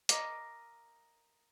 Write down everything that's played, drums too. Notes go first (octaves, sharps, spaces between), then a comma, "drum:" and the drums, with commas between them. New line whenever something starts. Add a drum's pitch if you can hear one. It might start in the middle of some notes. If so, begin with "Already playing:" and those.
A#4 D#5 F5 D6, drum: hi-hat